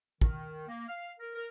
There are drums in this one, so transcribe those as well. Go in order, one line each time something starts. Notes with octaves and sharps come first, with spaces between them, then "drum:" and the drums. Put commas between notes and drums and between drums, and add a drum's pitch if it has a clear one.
D#3, drum: kick
A#3
F5
A#4
A#4